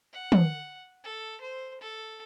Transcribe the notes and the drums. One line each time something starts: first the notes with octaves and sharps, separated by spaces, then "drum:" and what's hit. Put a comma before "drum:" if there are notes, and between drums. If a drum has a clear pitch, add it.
F#5
drum: tom
A4
C5
A4